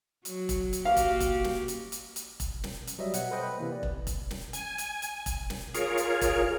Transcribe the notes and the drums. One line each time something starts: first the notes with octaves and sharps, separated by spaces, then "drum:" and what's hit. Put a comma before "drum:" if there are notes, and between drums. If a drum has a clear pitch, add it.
F#3, drum: hi-hat
drum: kick E1, hi-hat
drum: hi-hat
A#3 F#4 G4 F5
drum: kick E1, hi-hat
drum: kick E1, hi-hat
drum: snare
drum: hi-hat
drum: hi-hat
drum: hi-hat
drum: kick E1, hi-hat
drum: snare
drum: hi-hat
F#3 G3 B4 D#5 E5
B2 C#5 F#5, drum: hi-hat
A4 B4 C5 D#5 G5
B4
C3 E3 A#3
D5
drum: kick E1
drum: kick E1, hi-hat
drum: snare
G#5, drum: hi-hat
drum: hi-hat
drum: hi-hat
drum: kick E1, hi-hat
drum: snare
F4 G#4 A#4 C#5, drum: hi-hat
drum: hi-hat
drum: kick E1, hi-hat